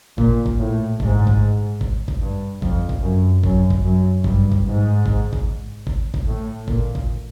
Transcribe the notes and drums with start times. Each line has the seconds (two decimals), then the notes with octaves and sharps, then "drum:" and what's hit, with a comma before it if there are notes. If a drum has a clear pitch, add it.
0.18 A#2, drum: kick G#1
0.46 drum: kick G#1
0.59 A2
1.00 G#2, drum: kick G#1
1.27 drum: kick G#1
1.81 drum: kick G#1
2.08 drum: kick G#1
2.21 G2
2.62 F2, drum: kick G#1
2.89 drum: kick G#1
3.03 F#2
3.44 F#2, drum: kick G#1
3.70 drum: kick G#1
3.84 F#2
4.24 G2, drum: kick G#1
4.52 drum: kick G#1
4.65 G#2
5.06 drum: kick G#1
5.33 drum: kick G#1
5.87 drum: kick G#1
6.14 drum: kick G#1
6.27 A2
6.68 A#2, drum: kick G#1
6.95 drum: kick G#1